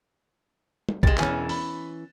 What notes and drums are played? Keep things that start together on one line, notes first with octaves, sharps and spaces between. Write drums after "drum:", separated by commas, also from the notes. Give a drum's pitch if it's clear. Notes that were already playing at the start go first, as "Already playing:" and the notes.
drum: tom
C2 G#3 A6 E7, drum: kick
E1 E3 C#4 G#5 F6, drum: clap
B5, drum: open hi-hat